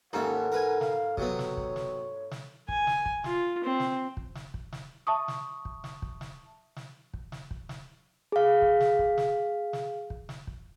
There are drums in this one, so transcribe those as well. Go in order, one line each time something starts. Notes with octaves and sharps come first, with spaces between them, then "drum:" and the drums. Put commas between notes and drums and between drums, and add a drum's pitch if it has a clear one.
D#2 G#2 C#4 A4 E5 F#5
A#4 B4 G#5
F5, drum: snare
C3 F#3 B3 C#5, drum: kick
drum: snare
drum: kick
drum: snare
drum: snare
G#5, drum: kick
drum: snare
drum: kick
F4, drum: snare
C4
drum: snare
drum: kick
drum: snare
drum: kick
drum: snare
E5 A5 C#6 D#6
drum: snare
drum: kick
drum: snare
drum: kick
drum: snare
drum: snare
drum: kick
drum: snare
drum: kick
drum: snare
G#4 F5
drum: kick
drum: snare
drum: kick
drum: snare
drum: snare
drum: kick
drum: snare
drum: kick